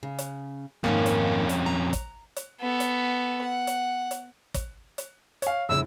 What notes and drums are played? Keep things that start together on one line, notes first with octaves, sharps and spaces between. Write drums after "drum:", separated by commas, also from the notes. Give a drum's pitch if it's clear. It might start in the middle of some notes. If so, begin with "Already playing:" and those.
C#3
drum: hi-hat
F2 G#2 D#3 A#3 C#4
drum: hi-hat
drum: hi-hat
A#5
drum: kick, hi-hat
drum: hi-hat
B3 A4
drum: hi-hat
F#5
drum: hi-hat
drum: hi-hat
drum: kick, hi-hat
drum: hi-hat
C#5 F5, drum: hi-hat
G1 F2 A2 C#3 E4 E6